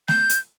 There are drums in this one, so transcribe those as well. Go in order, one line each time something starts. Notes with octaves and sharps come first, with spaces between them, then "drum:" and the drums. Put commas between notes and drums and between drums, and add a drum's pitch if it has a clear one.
G6, drum: snare A3
drum: hi-hat